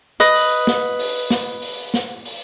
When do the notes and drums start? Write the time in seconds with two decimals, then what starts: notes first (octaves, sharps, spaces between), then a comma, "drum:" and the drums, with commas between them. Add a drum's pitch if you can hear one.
0.20 B4 D#5
0.36 drum: open hi-hat
0.67 drum: snare
0.99 drum: open hi-hat
1.30 drum: snare
1.62 drum: open hi-hat
1.94 drum: snare
2.25 drum: open hi-hat